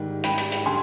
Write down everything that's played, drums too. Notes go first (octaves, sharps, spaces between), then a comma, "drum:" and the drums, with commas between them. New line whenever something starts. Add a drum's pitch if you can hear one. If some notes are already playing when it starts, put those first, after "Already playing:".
Already playing: G#2 D#3 G3
G#2 G3 G5 B5, drum: hi-hat
drum: hi-hat
drum: hi-hat
D3 G3 G#5 C6